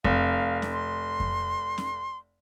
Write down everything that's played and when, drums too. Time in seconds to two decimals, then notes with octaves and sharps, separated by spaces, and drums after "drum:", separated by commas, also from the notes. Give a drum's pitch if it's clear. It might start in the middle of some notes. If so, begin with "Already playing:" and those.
0.04 F1 F5, drum: kick F2
0.62 drum: snare
0.72 C6
1.20 drum: kick F2
1.78 drum: snare